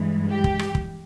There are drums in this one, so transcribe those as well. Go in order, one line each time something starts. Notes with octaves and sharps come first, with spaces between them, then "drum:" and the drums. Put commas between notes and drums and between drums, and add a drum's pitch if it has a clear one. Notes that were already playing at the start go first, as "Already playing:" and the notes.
Already playing: G2 E3 G#3
G4
drum: kick
drum: rim click
drum: kick